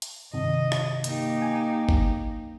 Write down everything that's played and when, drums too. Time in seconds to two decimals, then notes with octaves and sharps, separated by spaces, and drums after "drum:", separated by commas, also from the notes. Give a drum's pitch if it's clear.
0.02 drum: hi-hat
0.34 G2 C3 D#3 D#5
0.72 drum: rim click
1.04 A#3 D#4 G4, drum: hi-hat
1.42 G#5
1.89 drum: kick G1